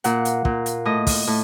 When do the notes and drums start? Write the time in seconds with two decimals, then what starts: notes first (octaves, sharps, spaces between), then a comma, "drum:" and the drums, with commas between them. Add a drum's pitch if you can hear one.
0.04 A#2 F#5, drum: hi-hat
0.25 drum: hi-hat
0.45 A#2, drum: kick
0.66 drum: hi-hat
0.85 A2 D#5
1.07 drum: kick, open hi-hat
1.27 A2